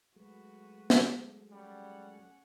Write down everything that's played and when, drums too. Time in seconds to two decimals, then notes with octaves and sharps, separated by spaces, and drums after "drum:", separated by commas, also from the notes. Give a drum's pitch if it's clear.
0.16 F#3 G#3 A3 F#4 B4
0.90 drum: snare
1.51 G3 C#4 F#5